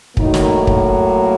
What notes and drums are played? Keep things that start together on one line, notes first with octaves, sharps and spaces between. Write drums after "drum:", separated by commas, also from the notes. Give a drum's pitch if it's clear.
A2 D#3 F#3 A#3 D#4, drum: kick
drum: snare
drum: kick